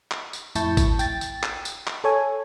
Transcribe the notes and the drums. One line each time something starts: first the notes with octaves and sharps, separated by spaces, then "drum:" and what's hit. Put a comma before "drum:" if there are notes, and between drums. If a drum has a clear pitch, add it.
drum: clap
drum: tambourine
F2 A2 E4 A5 C#6 G6, drum: tambourine
drum: kick, tambourine
G5 A6, drum: tambourine
drum: tambourine
drum: clap
drum: tambourine
drum: clap
A4 C#5 G#5